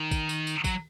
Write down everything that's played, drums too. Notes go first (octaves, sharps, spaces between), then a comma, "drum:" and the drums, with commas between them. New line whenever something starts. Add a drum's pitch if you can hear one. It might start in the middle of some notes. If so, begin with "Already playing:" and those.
Already playing: D#3
drum: kick, tambourine
drum: tambourine
drum: tambourine
F#3, drum: kick, tambourine